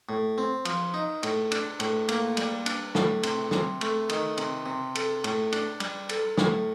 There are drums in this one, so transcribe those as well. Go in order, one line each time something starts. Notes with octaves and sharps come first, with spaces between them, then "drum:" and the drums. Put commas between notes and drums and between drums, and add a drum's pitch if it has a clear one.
A2
C4
F3, drum: cymbal
D#4
A2, drum: cymbal
D4, drum: cymbal
A2, drum: cymbal
A#3, drum: cymbal
G3, drum: cymbal
D4, drum: cymbal
A2, drum: snare
C3, drum: cymbal
C3, drum: snare
A3, drum: cymbal
D#3, drum: cymbal
C3, drum: cymbal
C3
A4, drum: cymbal
A2, drum: cymbal
D4, drum: cymbal
G3, drum: cymbal
A4, drum: cymbal
A2, drum: snare